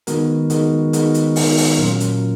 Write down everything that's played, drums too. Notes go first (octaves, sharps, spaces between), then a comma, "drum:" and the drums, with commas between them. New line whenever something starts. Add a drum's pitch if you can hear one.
D#3 G#3 B3 F#4 A#4, drum: hi-hat
D#3 G#3 B3 F#4 A#4, drum: hi-hat
D#3 G#3 B3 F#4 A#4, drum: hi-hat
drum: hi-hat
D#3 G#3 B3 F#4 A#4, drum: open hi-hat
drum: open hi-hat
A#2 F#3 C#4 F4 A#4
drum: hi-hat